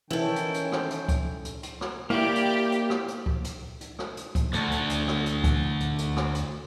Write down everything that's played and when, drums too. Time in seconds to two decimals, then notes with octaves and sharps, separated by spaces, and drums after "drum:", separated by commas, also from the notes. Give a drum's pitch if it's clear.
0.11 D#3 E3 C#4 E4 A4 G5
0.36 drum: hi-hat
0.54 drum: hi-hat
0.72 drum: rim click
0.90 drum: hi-hat
1.08 drum: kick C#2, hi-hat
1.45 drum: hi-hat
1.63 drum: hi-hat
1.81 drum: rim click
2.10 A#3 E4 G4 D5
2.35 drum: hi-hat
2.72 drum: hi-hat
2.90 drum: rim click
3.08 drum: hi-hat
3.26 drum: kick C#2
3.44 drum: hi-hat
3.81 drum: hi-hat
3.99 drum: rim click
4.17 drum: hi-hat
4.35 drum: kick C#2, hi-hat
4.53 D2 D3, drum: hi-hat
4.71 drum: hi-hat
4.89 drum: hi-hat
5.08 drum: rim click
5.26 drum: hi-hat
5.44 drum: kick C#2, hi-hat
5.80 drum: hi-hat
5.98 drum: hi-hat
6.16 drum: rim click
6.35 drum: hi-hat